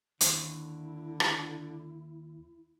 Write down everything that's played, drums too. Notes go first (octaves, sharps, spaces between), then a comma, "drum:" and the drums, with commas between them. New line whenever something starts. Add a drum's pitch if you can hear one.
D#2 D3 E4, drum: hi-hat
drum: rim click